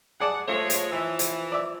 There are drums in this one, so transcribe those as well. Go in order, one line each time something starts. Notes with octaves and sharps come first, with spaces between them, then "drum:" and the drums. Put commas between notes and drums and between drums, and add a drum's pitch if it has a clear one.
G#4 D5 F#5 A5
F3 G#3 A3 C#5
drum: hi-hat
E3 E5 E6
drum: hi-hat
D5 E5